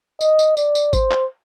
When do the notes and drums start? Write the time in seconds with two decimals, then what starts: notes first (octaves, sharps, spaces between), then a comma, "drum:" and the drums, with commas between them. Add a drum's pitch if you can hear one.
0.21 D#5, drum: tambourine
0.39 drum: tambourine
0.57 D5, drum: tambourine
0.75 drum: tambourine
0.93 C5, drum: kick, tambourine
1.11 drum: clap